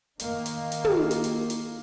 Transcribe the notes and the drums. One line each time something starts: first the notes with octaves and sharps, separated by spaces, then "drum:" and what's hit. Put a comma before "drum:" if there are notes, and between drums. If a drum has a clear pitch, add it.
D#3 A#3, drum: hi-hat
drum: hi-hat
drum: hi-hat
drum: tom
drum: hi-hat
drum: hi-hat
drum: hi-hat